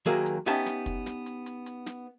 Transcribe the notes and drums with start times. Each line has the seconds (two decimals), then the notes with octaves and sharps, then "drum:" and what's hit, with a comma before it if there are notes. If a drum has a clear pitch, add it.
0.06 D#2 F#3 A#3 G#4 A#4 E5, drum: hi-hat
0.26 drum: hi-hat
0.46 B3 C#4 D#4 G4 E5 A5, drum: hi-hat
0.66 drum: snare
0.86 drum: kick, hi-hat
1.06 drum: snare
1.26 drum: hi-hat
1.46 drum: hi-hat
1.66 drum: hi-hat
1.86 drum: snare